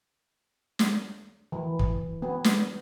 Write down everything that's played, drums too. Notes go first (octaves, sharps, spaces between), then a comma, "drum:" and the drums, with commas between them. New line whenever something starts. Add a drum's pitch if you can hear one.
drum: snare
E3
drum: kick
B3
drum: snare